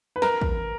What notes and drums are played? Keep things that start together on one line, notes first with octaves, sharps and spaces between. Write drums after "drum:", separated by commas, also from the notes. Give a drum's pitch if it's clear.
B4
A#4, drum: snare
drum: kick